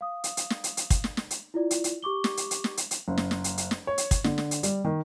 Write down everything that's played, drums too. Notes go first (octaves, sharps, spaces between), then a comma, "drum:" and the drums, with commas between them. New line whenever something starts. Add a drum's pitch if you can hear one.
F5 D#6
drum: hi-hat
drum: hi-hat
drum: snare
drum: hi-hat
drum: hi-hat
drum: kick, hi-hat
drum: snare
drum: snare
drum: hi-hat
E4 F4 D5
drum: hi-hat
drum: hi-hat
G4 C#6 D6 G7
drum: snare
drum: hi-hat
drum: hi-hat
drum: snare
drum: hi-hat
drum: hi-hat
F#1
drum: snare
drum: snare
drum: hi-hat
drum: hi-hat
drum: snare
C#5
drum: hi-hat
drum: kick, hi-hat
D3, drum: snare
drum: snare
drum: hi-hat
G3, drum: hi-hat
D#3